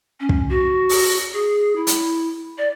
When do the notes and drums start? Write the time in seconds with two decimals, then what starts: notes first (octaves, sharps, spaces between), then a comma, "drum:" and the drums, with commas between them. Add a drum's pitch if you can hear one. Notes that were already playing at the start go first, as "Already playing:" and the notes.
0.20 C#4
0.29 drum: kick
0.49 F#4
0.89 drum: open hi-hat
1.33 G#4
1.76 E4
1.87 drum: hi-hat
2.58 D5